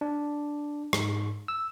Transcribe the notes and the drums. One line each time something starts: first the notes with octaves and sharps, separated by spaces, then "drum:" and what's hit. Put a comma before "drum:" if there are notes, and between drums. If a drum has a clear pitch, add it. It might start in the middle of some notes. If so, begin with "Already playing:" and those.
D4
G#2, drum: rim click
E6